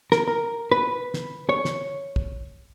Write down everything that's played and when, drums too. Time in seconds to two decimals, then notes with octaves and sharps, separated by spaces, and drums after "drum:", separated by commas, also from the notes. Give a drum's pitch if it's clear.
0.12 A#4, drum: snare
0.28 A#4
0.72 B4
1.14 drum: snare
1.49 C#5
1.65 drum: snare
2.16 drum: kick